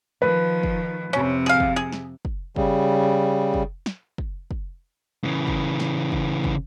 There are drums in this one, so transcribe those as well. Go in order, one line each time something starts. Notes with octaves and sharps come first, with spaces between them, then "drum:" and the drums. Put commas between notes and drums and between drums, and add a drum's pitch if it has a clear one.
D#3 F3 B4
drum: kick
F2 C3 C#4
G#4 F5
drum: kick
G#4
drum: snare
drum: kick
C#3 G3, drum: kick
drum: kick
drum: snare
drum: kick
drum: kick
C#3 E3
drum: kick
drum: snare
drum: kick
drum: kick